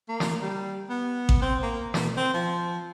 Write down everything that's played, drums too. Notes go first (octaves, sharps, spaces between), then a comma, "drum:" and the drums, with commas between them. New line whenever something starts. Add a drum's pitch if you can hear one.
A#3
drum: snare
G3
B3
drum: kick A1
C4
A#3
B2, drum: snare
C4
F3